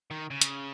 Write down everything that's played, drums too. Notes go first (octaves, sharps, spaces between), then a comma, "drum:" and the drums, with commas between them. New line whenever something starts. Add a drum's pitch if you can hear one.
D#3
C#3
drum: hi-hat